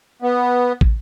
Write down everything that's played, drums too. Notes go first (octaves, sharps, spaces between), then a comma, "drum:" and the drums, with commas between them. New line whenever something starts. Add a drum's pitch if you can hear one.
B3
drum: kick